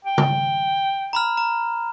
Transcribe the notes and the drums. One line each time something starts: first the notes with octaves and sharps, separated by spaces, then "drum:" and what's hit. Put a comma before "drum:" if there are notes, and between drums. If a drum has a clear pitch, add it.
G5
drum: tom C#3
A#5 B5 F6
A#5